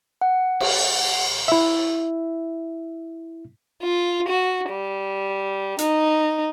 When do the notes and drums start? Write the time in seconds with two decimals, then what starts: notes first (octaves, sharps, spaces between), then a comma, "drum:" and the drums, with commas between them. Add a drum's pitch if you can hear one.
0.21 F#5
0.60 drum: cymbal
1.48 E4 E5
3.81 F4
4.28 F#4
4.69 G3
5.79 D#4, drum: hi-hat